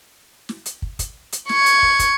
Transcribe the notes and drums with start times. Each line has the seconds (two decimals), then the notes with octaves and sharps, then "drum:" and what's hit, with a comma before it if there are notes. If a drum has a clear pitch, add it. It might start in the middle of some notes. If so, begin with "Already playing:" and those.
0.49 drum: snare
0.66 drum: hi-hat
0.82 drum: kick
0.99 drum: kick, hi-hat
1.32 drum: hi-hat
1.49 C#6 G#6, drum: snare
1.66 drum: hi-hat
1.83 drum: kick
1.99 drum: kick, hi-hat